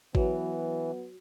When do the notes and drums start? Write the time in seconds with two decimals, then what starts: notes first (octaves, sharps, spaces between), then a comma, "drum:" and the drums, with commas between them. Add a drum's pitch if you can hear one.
0.15 E3 F#3 B3, drum: kick G#1